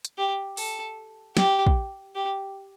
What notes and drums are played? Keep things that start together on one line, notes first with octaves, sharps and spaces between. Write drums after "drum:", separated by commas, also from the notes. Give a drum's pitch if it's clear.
drum: hi-hat
G4
A4, drum: open hi-hat
G4, drum: snare
drum: kick
G4